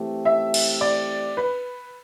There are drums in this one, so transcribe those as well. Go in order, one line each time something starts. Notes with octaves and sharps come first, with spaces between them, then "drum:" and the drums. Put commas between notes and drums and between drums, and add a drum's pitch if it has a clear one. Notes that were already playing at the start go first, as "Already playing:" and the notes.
Already playing: E3 A3 C4 G4
E5
drum: cymbal
D5
B4